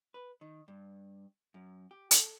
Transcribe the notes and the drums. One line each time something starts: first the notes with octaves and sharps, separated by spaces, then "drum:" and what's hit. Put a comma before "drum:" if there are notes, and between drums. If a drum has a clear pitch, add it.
B4
D#3
G2
F#2
G4
A4, drum: hi-hat